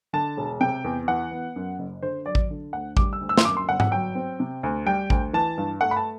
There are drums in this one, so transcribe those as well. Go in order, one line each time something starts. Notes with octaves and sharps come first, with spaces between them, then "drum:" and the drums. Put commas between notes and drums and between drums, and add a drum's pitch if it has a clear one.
D3 A5
E1
C3 G5
E2
E3 F#5
B3
F#2
F#1
D3 C5
F#3 D5
drum: kick A1
D3
D2 F#5
G3 D6, drum: kick A1
E6
D2
E6
C6, drum: snare
F#2 D6
C6
G1 F#5
F#5, drum: tom G#2
F#3 G5
C4
C3
D2
G3 G5
D2, drum: kick A1
E3 A5
G2
A3 F#5
B5
A5